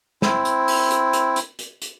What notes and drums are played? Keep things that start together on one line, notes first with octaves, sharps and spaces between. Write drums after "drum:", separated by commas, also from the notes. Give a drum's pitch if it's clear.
C4 E4, drum: snare
drum: hi-hat
drum: open hi-hat
drum: hi-hat
drum: hi-hat
drum: hi-hat
drum: hi-hat
drum: hi-hat